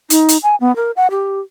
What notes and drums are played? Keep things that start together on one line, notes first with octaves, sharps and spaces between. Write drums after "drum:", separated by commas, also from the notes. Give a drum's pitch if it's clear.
D#4, drum: hi-hat
drum: hi-hat
G#5
B3
A#4
F#5
G4